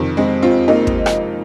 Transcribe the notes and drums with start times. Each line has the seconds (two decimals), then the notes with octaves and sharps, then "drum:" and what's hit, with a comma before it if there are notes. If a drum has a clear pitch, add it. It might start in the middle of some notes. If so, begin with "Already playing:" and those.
Already playing: F2 C3 D#3
0.17 G#3 C4
0.42 C4 F4
0.68 A#3 D#4
0.87 drum: kick
1.06 drum: rim click